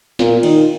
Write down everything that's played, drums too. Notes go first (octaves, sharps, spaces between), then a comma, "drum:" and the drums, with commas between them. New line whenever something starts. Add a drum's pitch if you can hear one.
A#2, drum: snare
D#3, drum: cymbal